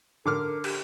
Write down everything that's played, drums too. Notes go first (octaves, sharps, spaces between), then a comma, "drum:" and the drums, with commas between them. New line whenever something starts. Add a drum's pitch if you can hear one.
D3 A#4 D6 F6
G4, drum: cymbal